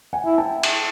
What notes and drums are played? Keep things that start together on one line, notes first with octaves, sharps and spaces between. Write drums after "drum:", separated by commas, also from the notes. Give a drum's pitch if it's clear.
F#5 G#5
E4
G5 A5
drum: cymbal